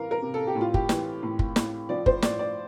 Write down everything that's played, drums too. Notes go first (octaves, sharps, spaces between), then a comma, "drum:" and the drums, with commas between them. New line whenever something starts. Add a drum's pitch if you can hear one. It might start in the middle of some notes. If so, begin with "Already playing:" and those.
Already playing: C3 E3 A#4 F5
A#4
C3
A4
G4
A2
F4
G4, drum: kick F#1
E3, drum: snare
A2
drum: kick F#1
A2, drum: snare
F3 D5
C5, drum: kick F#1
A2 D5, drum: snare
D5